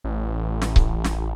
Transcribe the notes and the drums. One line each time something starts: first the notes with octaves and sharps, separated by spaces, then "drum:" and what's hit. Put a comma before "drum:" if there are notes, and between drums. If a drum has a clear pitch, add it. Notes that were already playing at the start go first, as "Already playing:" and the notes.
A1
drum: snare
drum: kick C#1
drum: snare